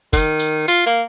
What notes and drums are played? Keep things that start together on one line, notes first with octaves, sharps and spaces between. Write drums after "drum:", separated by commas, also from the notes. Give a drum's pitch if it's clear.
D#3, drum: kick, tambourine
drum: tambourine
F4, drum: tambourine
A#3